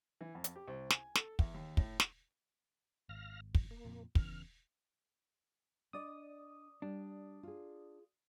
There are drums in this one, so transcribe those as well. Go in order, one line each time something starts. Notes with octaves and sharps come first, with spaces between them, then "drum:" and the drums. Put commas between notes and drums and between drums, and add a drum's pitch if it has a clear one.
E3
F2
drum: hi-hat
G4
C2
G#5, drum: snare
A4, drum: snare
E2, drum: kick
D#2
A2, drum: kick
drum: snare
G#1 F5 F6 A#6
F2, drum: kick
A#3
F2 A#2
E2 C#3 E3 F6, drum: kick
D4 D5 D#5 D#6
G3 D4
F4 G#4